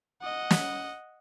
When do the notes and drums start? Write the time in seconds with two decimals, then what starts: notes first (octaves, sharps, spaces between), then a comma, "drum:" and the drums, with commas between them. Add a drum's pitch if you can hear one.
0.22 D#5 F#5
0.51 drum: snare